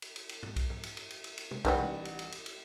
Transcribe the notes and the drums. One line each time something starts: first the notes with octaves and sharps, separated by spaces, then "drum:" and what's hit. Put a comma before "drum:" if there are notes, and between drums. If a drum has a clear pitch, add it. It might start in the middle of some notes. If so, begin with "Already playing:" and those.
drum: cymbal
drum: cymbal
drum: cymbal
drum: tom G#2
drum: kick B1, cymbal
drum: tom G#2
drum: cymbal
drum: cymbal
drum: cymbal
drum: cymbal
drum: cymbal
drum: tom
A1 D#3 F#3 G3 B4 F#5, drum: kick B1, cymbal
drum: tom
drum: cymbal
drum: cymbal
drum: cymbal
drum: cymbal